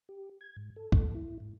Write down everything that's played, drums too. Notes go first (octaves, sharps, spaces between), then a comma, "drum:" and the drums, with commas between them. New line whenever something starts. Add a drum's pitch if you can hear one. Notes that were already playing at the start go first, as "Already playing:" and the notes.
G4
G#6
G#2
A4
drum: kick
E4
G#2